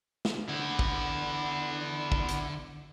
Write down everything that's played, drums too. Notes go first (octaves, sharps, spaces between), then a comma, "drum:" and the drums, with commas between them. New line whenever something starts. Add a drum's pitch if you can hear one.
drum: snare
D3 B3 E4
drum: kick
drum: kick
drum: hi-hat